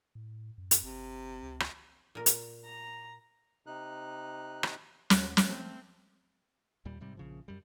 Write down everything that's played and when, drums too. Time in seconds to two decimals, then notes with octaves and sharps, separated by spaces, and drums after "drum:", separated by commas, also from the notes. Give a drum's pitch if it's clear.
0.15 A2
0.58 F#2
0.71 drum: hi-hat
0.83 G1 C3
1.42 C#2
1.60 drum: rim click
2.15 A#2 A#4
2.26 drum: hi-hat
2.64 A#5
3.67 C3 D#4 F#6
4.63 drum: rim click
5.10 D#2 G#2 F#5, drum: snare
5.37 drum: snare
5.47 F3 A3 C4
6.85 D#2 A#2 G3
7.01 G#2 C3 G3
7.17 A#1 C#3 F3
7.48 F#2 G3